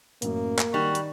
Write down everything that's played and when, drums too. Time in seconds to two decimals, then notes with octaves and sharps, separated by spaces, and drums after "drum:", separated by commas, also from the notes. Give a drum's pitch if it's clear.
0.22 A1 F#2 A#3, drum: hi-hat
0.59 drum: clap
0.74 D#3 G3 F#4
0.95 drum: hi-hat